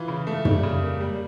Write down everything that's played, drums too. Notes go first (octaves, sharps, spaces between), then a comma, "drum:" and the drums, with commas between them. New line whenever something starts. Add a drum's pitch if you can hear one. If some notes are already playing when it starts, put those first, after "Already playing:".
Already playing: E3 F4
C#3
A3
G3, drum: tom
C#3
A#3
G3